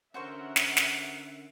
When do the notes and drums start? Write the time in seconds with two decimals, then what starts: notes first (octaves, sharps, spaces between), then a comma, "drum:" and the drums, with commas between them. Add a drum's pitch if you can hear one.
0.14 D3 C#4 F#4 A#4 C5 E5 F#5 C#6
0.56 drum: snare
0.77 drum: snare